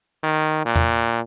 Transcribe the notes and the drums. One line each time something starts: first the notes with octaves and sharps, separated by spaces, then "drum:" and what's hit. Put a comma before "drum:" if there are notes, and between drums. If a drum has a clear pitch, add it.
D#3
A#2
drum: tom E2